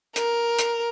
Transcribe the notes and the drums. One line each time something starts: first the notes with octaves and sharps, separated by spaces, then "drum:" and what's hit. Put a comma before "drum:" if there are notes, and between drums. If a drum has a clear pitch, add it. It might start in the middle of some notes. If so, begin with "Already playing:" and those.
A#4, drum: hi-hat
drum: hi-hat